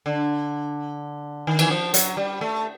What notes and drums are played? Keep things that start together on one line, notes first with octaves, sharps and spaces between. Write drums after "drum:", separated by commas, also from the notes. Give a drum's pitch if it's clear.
D3
D#3
E3, drum: cymbal
F3
F#3, drum: hi-hat
G3
A3